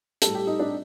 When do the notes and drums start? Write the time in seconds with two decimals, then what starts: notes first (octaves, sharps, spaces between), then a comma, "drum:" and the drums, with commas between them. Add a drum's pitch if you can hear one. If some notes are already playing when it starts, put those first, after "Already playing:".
0.22 A2 G3 A4, drum: hi-hat
0.35 G4
0.47 D#4
0.60 D4